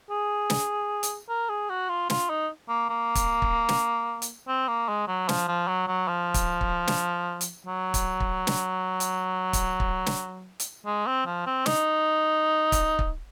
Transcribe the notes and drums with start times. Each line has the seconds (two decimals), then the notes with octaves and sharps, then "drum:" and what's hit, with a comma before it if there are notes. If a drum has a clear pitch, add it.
0.10 G#4
0.50 drum: snare
1.03 drum: hi-hat
1.29 A#4
1.49 G#4
1.69 F#4
1.89 F4
2.10 F4, drum: snare
2.30 D#4
2.69 A#3
2.89 A#3
3.15 drum: kick, hi-hat
3.42 drum: kick
3.69 drum: snare
4.22 drum: hi-hat
4.48 C4
4.68 A#3
4.88 G#3
5.08 F#3
5.29 F3, drum: snare
5.48 F3
5.68 F#3
5.87 F#3
6.08 F3
6.34 drum: kick, hi-hat
6.61 drum: kick
6.88 drum: snare
7.41 drum: hi-hat
7.67 F#3
7.94 drum: kick, hi-hat
8.20 drum: kick
8.47 drum: snare
9.00 drum: hi-hat
9.53 drum: kick, hi-hat
9.80 drum: kick
10.06 drum: snare
10.60 drum: hi-hat
10.86 G#3
11.07 C4
11.26 F3
11.46 C4
11.66 D#4, drum: snare
12.72 drum: kick, hi-hat
12.99 drum: kick